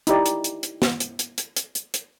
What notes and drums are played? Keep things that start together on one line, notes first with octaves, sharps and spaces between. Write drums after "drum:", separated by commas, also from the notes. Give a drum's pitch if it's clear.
D#4 E4 G4 D5, drum: hi-hat
drum: hi-hat
drum: hi-hat
drum: hi-hat
drum: snare
drum: hi-hat
drum: hi-hat
drum: hi-hat
drum: hi-hat
drum: hi-hat
drum: hi-hat